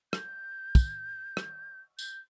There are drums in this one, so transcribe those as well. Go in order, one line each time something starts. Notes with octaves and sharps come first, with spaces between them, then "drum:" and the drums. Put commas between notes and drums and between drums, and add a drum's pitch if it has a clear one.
G6, drum: rim click
drum: kick, tambourine
drum: rim click
G6, drum: tambourine